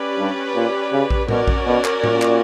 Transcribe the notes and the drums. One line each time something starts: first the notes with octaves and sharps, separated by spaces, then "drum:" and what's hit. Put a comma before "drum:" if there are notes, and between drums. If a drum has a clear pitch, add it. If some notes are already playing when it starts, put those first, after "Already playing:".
Already playing: C#4 G4 B4 D5
G2
A#2
C#3
drum: kick A#1
B2 C#4 F#4 A#4 D5, drum: tom A2
drum: kick A#1
B2
drum: clap
A#2, drum: tom A2
drum: clap